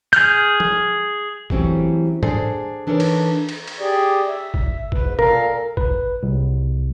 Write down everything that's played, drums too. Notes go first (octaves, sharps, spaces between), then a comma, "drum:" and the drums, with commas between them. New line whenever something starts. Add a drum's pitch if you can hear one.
G#4 F6 G6, drum: tambourine
drum: tom F3
E3 F#3 G3 A3 C4 C#4, drum: kick G#1
D4 G#4 A4 C5 D5 G#5, drum: tom G#2
E3 D4 D#4 A4 A#4 C#5
drum: cymbal
drum: cymbal
drum: cymbal
G4 G#4 D5
E5
drum: kick G#1
G#2 B4, drum: kick G#1
A#2 A4 A#4 F5, drum: tom B2
B4, drum: kick G#1
C2